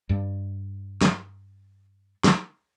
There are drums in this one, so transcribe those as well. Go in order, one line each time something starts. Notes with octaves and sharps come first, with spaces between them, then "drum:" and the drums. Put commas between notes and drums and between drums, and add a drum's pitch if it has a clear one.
G2 G3
drum: snare
drum: snare